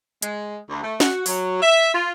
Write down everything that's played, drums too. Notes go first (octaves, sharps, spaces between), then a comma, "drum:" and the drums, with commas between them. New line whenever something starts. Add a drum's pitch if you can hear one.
G#3, drum: hi-hat
D2
A3
F#4, drum: snare
F#3, drum: open hi-hat
E5
F4